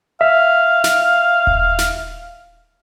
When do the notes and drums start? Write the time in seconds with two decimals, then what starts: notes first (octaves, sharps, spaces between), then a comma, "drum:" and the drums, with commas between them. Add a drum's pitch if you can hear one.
0.21 E5 F5
0.84 drum: snare
1.47 drum: kick D#1
1.78 drum: snare